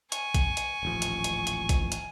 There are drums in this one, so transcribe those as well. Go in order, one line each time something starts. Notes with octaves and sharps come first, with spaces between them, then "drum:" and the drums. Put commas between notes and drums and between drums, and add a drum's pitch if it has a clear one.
G#5 C#6, drum: hi-hat
drum: kick A#1, hi-hat
drum: hi-hat
D#1 A1 F3
drum: hi-hat
drum: hi-hat
drum: hi-hat
drum: kick A#1, hi-hat
drum: hi-hat